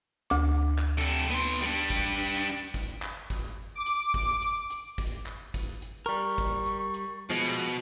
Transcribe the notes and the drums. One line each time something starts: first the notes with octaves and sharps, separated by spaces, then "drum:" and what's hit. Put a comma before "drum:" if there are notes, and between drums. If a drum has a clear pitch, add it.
D2 D6
drum: clap
C3 A4
B3 C6
G3 D4, drum: hi-hat
drum: kick G#1, hi-hat
drum: hi-hat
drum: hi-hat
drum: kick G#1, hi-hat
drum: clap
drum: kick G#1, hi-hat
D6
drum: hi-hat
drum: kick G#1, hi-hat
drum: hi-hat
drum: hi-hat
drum: kick G#1, hi-hat
drum: clap
drum: kick G#1, hi-hat
drum: hi-hat
G3 A#4 C#6
drum: kick G#1, hi-hat
drum: hi-hat
drum: hi-hat
B2 F3 G#3
drum: clap